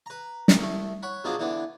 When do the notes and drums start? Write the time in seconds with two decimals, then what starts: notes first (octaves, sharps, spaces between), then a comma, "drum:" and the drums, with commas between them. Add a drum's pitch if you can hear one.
0.06 B4 A#5
0.48 drum: snare
0.58 C2 A3
1.03 C#5 F#5 B5
1.24 B2 F3 F#3 B3 D4 G#4
1.39 D3 E3 B3 D4